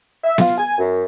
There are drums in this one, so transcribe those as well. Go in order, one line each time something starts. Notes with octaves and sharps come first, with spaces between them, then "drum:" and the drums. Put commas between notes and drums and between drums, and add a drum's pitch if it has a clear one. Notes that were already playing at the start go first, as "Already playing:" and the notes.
E5
F4, drum: snare B3
G#5
F#2